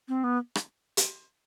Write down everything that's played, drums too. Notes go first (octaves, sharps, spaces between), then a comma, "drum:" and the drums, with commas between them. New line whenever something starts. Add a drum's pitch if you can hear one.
C4
B3
drum: rim click
drum: hi-hat